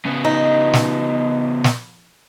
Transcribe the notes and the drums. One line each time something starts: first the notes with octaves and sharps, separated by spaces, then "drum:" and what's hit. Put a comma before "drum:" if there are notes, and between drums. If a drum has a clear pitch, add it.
C#3 B3
D#4
drum: snare
drum: snare